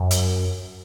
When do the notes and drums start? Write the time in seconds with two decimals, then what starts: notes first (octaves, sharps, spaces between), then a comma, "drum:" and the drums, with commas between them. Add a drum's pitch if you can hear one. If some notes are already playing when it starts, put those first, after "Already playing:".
Already playing: F#2
0.11 drum: hi-hat